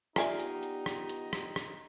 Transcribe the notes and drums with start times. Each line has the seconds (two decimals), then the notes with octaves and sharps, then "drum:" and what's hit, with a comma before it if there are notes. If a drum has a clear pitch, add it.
0.16 B3 D#4 F4 G4 D5 E5 G#5 A#5, drum: rim click
0.40 drum: hi-hat
0.63 drum: hi-hat
0.86 drum: rim click
1.09 drum: hi-hat
1.33 drum: rim click
1.56 drum: rim click